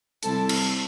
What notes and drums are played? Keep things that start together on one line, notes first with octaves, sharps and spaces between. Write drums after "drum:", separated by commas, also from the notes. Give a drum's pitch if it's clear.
C3 G3 C4 E4 A4 A5, drum: hi-hat
drum: cymbal